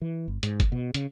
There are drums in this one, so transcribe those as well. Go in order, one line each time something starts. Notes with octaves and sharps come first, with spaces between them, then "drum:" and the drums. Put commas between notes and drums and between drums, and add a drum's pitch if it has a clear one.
E3
G1
G#2, drum: hi-hat
drum: kick, hi-hat
B2
C#3, drum: hi-hat